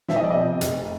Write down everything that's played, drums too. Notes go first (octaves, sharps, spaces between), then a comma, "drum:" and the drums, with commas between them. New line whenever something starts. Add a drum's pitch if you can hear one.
F3 E5, drum: snare
D#5
D5
C3 D#5
F1, drum: hi-hat